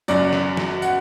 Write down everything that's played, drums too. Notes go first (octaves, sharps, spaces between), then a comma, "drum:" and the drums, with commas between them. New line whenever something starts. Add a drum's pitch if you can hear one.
F#1 F#2 F#3 D5, drum: tambourine
drum: snare
drum: snare
F#5, drum: tambourine